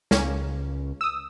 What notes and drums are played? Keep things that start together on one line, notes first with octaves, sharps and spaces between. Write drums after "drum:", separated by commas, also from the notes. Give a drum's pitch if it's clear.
C#2 A#3 C#4, drum: snare
D#6 E6